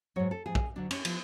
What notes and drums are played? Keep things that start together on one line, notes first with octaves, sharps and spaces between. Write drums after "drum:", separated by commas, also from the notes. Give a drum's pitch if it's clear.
G#2 F#3 C#5
A4
G#2 F3 G#4
drum: kick
D2 D3 F#3 D4
C#4, drum: cymbal
F3 B3, drum: cymbal